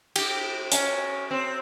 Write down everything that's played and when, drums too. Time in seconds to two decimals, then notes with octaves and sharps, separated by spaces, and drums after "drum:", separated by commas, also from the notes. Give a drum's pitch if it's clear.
0.16 G4, drum: cymbal
0.72 C#4, drum: hi-hat
1.31 C4